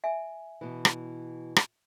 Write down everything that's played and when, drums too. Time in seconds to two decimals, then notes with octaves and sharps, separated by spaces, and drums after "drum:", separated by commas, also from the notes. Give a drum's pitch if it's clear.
0.04 E5 G#5
0.61 B2 E3
0.85 drum: rim click
1.56 drum: rim click